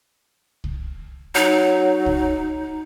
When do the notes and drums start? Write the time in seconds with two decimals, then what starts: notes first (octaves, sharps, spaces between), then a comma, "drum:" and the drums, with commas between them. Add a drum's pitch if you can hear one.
0.64 drum: kick C2
1.35 F#3 D#4
2.06 drum: kick C2